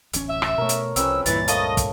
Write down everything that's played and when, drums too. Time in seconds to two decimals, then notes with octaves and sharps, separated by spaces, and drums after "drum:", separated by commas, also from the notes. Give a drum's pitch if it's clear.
0.13 D1 A1 C#4, drum: hi-hat
0.28 F#2 E5
0.42 drum: rim click
0.58 B2 A3 A#4 C#5
0.69 drum: hi-hat
0.96 C2 F2 C4 C#4 B4 E6, drum: hi-hat
1.26 C#2 G2 A#2 E3 A6, drum: hi-hat
1.48 A3 A#3 C#5 D#5, drum: hi-hat
1.77 drum: kick, hi-hat